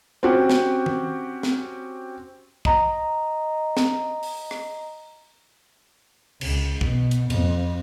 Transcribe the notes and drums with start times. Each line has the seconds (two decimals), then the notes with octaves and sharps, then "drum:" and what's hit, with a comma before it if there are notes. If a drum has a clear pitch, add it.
0.23 C4 C#4 F#4 G4
0.50 drum: snare
0.86 drum: tom D#3
1.43 drum: snare
2.65 D#5 A#5, drum: kick
3.77 drum: snare
4.23 drum: open hi-hat
4.51 drum: rim click
6.41 C#2, drum: cymbal
6.81 B2, drum: kick
7.11 drum: hi-hat
7.30 F2, drum: cymbal